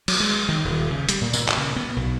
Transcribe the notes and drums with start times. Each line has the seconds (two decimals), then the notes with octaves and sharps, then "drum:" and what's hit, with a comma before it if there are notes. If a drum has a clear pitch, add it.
0.08 F#3, drum: cymbal
0.20 G#3
0.49 D#3
0.65 D#1
0.91 C#3
1.09 G3, drum: hi-hat
1.21 A#2
1.33 A#2, drum: tambourine
1.48 drum: clap
1.57 C#3
1.76 B3
1.96 B1